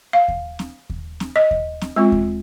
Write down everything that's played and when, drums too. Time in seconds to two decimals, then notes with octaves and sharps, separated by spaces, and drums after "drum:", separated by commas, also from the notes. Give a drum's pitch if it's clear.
0.13 F5
0.28 drum: kick D#2
0.59 drum: snare C4
0.90 drum: kick D#2
1.20 drum: snare C4
1.36 D#5
1.51 drum: kick D#2
1.81 drum: snare C4
1.96 G#3 C4 F4
2.12 drum: kick D#2